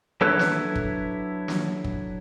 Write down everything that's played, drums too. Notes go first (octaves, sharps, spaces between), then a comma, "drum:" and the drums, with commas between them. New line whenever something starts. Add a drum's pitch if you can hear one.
F#3 D4 E4 A4 B4 C#5
drum: snare
drum: kick
drum: snare
drum: kick